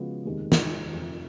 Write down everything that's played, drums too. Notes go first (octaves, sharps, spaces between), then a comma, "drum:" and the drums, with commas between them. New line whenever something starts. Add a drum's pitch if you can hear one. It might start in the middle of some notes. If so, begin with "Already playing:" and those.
Already playing: C#3 F3 G#3 B3 F#4
F1 D#2 D#3 G#3
drum: snare
F1 F2 F3